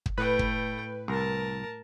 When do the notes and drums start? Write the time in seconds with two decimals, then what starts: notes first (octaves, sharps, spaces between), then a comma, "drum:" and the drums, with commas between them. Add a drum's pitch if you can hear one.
0.06 drum: kick
0.18 A2 A3 B4 G5
0.39 drum: kick
1.08 C2 A#4 A5